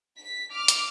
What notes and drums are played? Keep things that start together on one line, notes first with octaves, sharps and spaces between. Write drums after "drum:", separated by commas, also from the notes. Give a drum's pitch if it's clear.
B6
D6 F6
drum: hi-hat